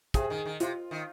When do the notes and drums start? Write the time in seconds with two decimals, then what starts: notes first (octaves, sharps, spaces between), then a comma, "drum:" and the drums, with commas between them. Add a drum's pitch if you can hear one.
0.14 C3 G#4, drum: kick, hi-hat
0.30 D#3
0.45 D#3
0.60 C3 F4, drum: hi-hat
0.91 D#3